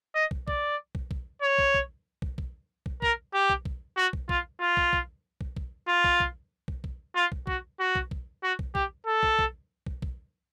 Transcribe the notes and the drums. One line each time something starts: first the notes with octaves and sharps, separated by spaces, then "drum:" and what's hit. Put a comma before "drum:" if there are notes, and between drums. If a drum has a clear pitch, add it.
D#5
drum: kick
D5, drum: kick
drum: kick
drum: kick
C#5
drum: kick
drum: kick
drum: kick
drum: kick
drum: kick
A#4, drum: kick
G4
drum: kick
drum: kick
F#4
drum: kick
F4, drum: kick
F4
drum: kick
drum: kick
drum: kick
drum: kick
F4
drum: kick
drum: kick
drum: kick
drum: kick
F4
drum: kick
F#4, drum: kick
F#4
drum: kick
drum: kick
F#4
drum: kick
G4, drum: kick
A4
drum: kick
drum: kick
drum: kick
drum: kick